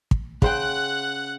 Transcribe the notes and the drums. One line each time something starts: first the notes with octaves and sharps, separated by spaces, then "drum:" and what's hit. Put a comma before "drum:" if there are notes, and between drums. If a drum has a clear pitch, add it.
drum: kick
C#3 C5 F#5 G5 F#6, drum: kick